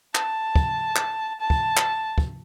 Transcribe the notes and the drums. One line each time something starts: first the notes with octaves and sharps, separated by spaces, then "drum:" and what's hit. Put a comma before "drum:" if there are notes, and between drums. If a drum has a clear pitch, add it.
A5, drum: clap
drum: kick
drum: clap
A5
drum: kick
drum: clap
drum: kick